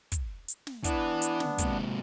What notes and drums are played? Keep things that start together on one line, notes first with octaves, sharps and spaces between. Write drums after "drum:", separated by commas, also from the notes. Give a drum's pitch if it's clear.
drum: kick, hi-hat
drum: hi-hat
drum: snare
E3 B3 D4, drum: kick, hi-hat
drum: hi-hat
drum: snare
G#2 C3, drum: kick, hi-hat